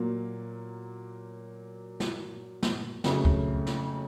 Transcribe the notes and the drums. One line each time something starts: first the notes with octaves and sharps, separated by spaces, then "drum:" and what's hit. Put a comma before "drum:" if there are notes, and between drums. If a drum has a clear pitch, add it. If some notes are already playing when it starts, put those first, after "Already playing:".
Already playing: A#2 F#3 A#3
drum: snare
drum: snare
F2 C#3 F#3 A3 C#4, drum: snare
drum: kick C#2
drum: snare